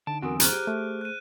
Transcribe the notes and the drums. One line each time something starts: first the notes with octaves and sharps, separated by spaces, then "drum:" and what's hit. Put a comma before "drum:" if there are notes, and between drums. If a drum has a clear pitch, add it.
D3 D#4 A5 D7
E2 D3 F#3 C4 F#4 A#4 G#5 D#6
G#4 C5 A#5 F6 F#6 D#7, drum: hi-hat
G4
A3
F#6 D#7